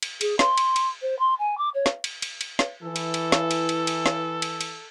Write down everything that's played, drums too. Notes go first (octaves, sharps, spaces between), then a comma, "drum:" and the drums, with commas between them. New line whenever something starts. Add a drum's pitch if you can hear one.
drum: cymbal
G#4, drum: cymbal
C6, drum: snare
drum: cymbal
drum: cymbal
C5
C6
G#5
D6
C#5
drum: snare
drum: cymbal
drum: cymbal
drum: cymbal
drum: snare
E3 A4
drum: cymbal
drum: cymbal
drum: snare
drum: cymbal
drum: cymbal
drum: cymbal
drum: snare
drum: cymbal
drum: cymbal